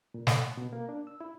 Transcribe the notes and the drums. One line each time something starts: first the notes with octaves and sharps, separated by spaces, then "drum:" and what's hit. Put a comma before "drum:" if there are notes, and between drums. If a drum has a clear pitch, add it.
A#2
A3, drum: snare
F#5
B2
A#3
D4
E6
E4